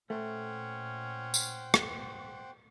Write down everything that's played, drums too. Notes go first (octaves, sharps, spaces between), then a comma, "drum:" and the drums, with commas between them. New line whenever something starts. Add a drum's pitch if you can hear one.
A#2 A3 C#4 C5 F#5 G5
drum: tambourine
drum: rim click